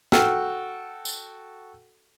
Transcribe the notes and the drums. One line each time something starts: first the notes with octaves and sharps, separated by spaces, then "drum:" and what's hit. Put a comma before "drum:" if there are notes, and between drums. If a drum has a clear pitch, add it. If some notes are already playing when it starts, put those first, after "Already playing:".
F#4 A4 G5 E6 F6, drum: snare
drum: tambourine